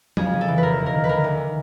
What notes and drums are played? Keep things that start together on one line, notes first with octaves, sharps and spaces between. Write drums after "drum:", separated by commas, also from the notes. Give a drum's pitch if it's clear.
F2 G#4, drum: tom F#3
C#3
A4
E3
B4
E1 A#4
D#2
A#4
D#3
B4
D2 A#4
D2